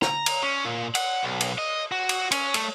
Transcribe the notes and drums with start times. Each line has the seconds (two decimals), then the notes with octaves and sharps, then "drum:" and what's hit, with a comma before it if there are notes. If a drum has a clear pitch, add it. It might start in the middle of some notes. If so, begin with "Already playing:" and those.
0.02 A#5, drum: snare
0.26 drum: cymbal
0.43 C#4
0.65 A#2
0.95 F#5, drum: cymbal
1.23 B1
1.40 drum: cymbal
1.58 D#5
1.92 F#4
2.09 drum: cymbal
2.32 C#4, drum: cymbal
2.54 A3, drum: cymbal